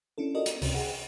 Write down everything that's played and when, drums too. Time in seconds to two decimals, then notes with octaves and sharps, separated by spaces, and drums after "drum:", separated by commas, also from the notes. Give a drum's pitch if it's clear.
0.18 C#4 D4 E4 A4
0.34 F4 F#4 A4 A#4 D5 D#5
0.46 drum: hi-hat
0.62 C#2 C3 C#4, drum: open hi-hat
0.74 G#4 F#5